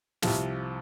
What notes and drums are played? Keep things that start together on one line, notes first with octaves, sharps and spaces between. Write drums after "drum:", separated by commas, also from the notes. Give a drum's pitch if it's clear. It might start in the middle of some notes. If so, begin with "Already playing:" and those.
C2 C3 F3, drum: snare